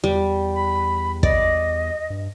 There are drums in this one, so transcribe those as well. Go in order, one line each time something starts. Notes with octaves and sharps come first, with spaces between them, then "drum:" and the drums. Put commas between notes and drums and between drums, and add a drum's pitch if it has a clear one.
E2 G3
B5
D5 D#5, drum: kick
G2